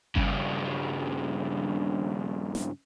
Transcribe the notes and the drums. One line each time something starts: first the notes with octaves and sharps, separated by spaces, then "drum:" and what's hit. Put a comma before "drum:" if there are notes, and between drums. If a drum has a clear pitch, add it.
G2 C#3, drum: kick G1
drum: snare